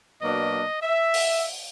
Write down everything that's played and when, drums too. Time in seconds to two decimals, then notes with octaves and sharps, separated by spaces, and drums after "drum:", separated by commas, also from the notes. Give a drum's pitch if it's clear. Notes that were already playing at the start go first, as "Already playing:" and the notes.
0.21 B2 F#3 A#3 D4 D#5
0.82 E5
1.14 drum: open hi-hat